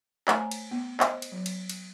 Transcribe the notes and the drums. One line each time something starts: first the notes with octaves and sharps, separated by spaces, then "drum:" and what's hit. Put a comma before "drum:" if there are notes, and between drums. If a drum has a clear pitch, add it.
A3 C5 C#5 G#5 A#5, drum: clap
drum: cymbal
B3
C5 D#5, drum: clap
drum: cymbal
F#3
drum: cymbal
drum: cymbal